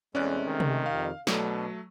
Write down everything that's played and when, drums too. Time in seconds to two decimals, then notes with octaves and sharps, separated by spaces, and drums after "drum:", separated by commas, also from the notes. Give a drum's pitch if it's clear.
0.15 E2 C3 G#3 A3 C#4 D5 F#6
0.47 D#3
0.60 drum: tom C3
0.86 F2 C3 G3 F5
1.27 B2 F#3 A3 D4 A4, drum: snare